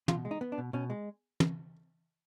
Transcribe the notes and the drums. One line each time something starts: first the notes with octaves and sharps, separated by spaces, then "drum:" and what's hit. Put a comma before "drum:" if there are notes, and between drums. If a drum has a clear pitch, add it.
B2 F4, drum: tom
G#3
D#4
B3
D4
B2
B2 C#4
G#3
drum: tom